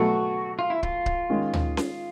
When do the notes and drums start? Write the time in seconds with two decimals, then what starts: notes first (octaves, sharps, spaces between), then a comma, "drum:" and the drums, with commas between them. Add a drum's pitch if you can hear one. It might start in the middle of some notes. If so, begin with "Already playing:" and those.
Already playing: B2 F#3 A3 F#4
0.59 F4
0.70 E4
0.83 F4, drum: kick C#1
1.06 drum: kick C#1
1.29 D#3 G#3 C#4
1.53 drum: tom
1.77 drum: snare C#4